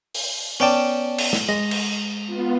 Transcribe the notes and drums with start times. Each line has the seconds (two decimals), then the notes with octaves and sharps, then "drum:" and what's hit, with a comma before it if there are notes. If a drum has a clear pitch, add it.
0.15 drum: open hi-hat
0.60 B3 C#4 D5 G5 A5
1.18 drum: cymbal
1.33 drum: snare
1.49 G#3 D#5
1.71 drum: cymbal
2.27 B3 F4